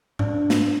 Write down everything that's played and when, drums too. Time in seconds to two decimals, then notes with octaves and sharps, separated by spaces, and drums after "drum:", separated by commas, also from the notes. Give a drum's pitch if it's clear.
0.19 D4, drum: tom G#2
0.50 drum: snare